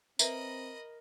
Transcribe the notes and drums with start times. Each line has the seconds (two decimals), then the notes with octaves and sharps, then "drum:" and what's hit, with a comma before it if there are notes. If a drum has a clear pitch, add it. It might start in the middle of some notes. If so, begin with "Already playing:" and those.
0.19 C4 A#4 B4 D#5 E5 B5, drum: tambourine